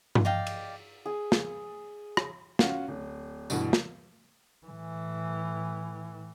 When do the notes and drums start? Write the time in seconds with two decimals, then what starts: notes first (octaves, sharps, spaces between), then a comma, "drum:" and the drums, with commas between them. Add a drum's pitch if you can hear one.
0.15 drum: tom G2
0.25 D5 D#5 F5 G5
0.47 drum: cymbal
1.06 G#4
1.32 drum: snare
2.17 drum: rim click
2.59 C#4 F4 F#4, drum: snare
2.88 D1
3.50 G2 B2 D3 E3, drum: tambourine
3.73 drum: snare
4.66 A2 E3